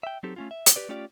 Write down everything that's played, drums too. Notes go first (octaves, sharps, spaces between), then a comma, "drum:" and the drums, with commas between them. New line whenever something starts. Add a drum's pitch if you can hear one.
E5 G5
F#3 C4 D#4 G4 A4
A3 C#4 F4
E5
drum: hi-hat
G4 B4 D5
A3 C#4 F4 G4 D5